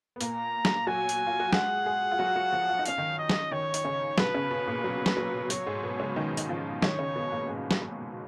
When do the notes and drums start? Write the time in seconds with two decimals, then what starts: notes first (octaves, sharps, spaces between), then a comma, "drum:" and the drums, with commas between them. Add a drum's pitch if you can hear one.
0.16 B3
0.21 A#2 A#3 A#5, drum: hi-hat
0.65 drum: snare
0.87 F#3 F#4 G#5
1.09 drum: hi-hat
1.26 F4
1.40 F#4
1.53 G#3 G#4 F#5, drum: snare
1.86 G#3 G#4
2.11 F4
2.19 F#3 F#4
2.36 F#3 F#4
2.52 F3 F4
2.69 F4
2.79 D#4
2.85 C#4 F5, drum: hi-hat
2.98 D#3 D#4
3.18 D#5
3.30 drum: snare
3.51 D#3 D#4 C#5
3.74 D#4, drum: hi-hat
3.85 C#3 C#4
4.18 B2 B3 B4, drum: snare
4.34 C#3 C#4
4.51 B2 B3
4.67 A#2 A#3
4.84 F#3
5.06 drum: snare
5.17 F#3
5.50 F#3 C#5, drum: hi-hat
5.66 G#2 G#3
5.83 B2 B3
6.00 C#3 C#4
6.16 D#3 D#4
6.37 D#4, drum: hi-hat
6.49 F3 F4
6.82 D#3 D#4 C#5, drum: snare
6.99 C#3 C#4
7.15 B2 B3
7.32 A#2 A#3
7.48 G#2 G#3
7.71 drum: snare
7.82 F#3